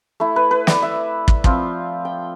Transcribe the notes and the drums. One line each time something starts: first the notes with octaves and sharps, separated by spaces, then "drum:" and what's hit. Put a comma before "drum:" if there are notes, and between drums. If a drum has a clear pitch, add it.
A3 E4
B4
B4
D5, drum: snare
E5
drum: kick
F3 C4 F4, drum: kick
G5